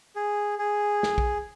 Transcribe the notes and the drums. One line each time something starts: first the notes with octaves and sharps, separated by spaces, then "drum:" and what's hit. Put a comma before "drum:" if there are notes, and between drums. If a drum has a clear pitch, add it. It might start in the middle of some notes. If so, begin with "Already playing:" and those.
G#4
G#4
drum: snare
drum: kick